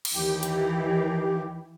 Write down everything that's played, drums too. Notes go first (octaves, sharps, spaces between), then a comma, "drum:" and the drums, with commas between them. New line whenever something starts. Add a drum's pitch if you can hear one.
drum: cymbal
D#2 E3 G4
drum: hi-hat